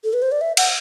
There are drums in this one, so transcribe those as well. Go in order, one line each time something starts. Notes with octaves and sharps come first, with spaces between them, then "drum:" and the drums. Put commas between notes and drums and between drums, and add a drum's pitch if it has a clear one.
A4
B4
C5
D5
E5
F#5, drum: cymbal